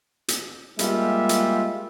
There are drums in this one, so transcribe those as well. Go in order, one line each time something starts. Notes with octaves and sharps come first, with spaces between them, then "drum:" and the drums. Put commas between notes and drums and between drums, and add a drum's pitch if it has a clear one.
drum: hi-hat
G3 G#3 A#3 F4 G4 E5, drum: hi-hat
drum: hi-hat